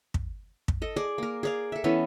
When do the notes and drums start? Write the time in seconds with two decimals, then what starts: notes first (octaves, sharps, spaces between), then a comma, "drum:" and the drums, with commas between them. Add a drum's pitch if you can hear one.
0.14 drum: kick
0.68 drum: kick
0.82 A4 D#5
0.96 G#4 D5
1.18 A#3 A#4
1.43 G#4 D5 F5
1.72 A4 E5
1.84 E3 B3 C#4 A4